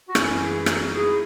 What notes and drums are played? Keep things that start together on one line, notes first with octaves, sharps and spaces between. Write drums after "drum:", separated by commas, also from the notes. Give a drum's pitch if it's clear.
F#4
F#2 E3 C#4 E4, drum: rim click
E4 G#4
D#4 F#4, drum: rim click
E4 G#4